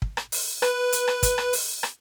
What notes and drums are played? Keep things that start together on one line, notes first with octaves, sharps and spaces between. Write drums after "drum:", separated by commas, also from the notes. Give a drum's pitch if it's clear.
drum: kick
drum: rim click
drum: open hi-hat
B4, drum: rim click
drum: hi-hat
drum: rim click
drum: kick, hi-hat
drum: rim click
drum: open hi-hat
drum: rim click